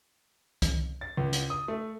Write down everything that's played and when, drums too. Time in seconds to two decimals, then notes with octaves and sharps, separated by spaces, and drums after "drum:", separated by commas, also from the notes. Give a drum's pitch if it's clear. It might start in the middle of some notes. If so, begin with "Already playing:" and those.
0.62 drum: kick C2, hi-hat
1.01 A6
1.17 C#2
1.33 drum: hi-hat
1.50 D#6
1.68 A3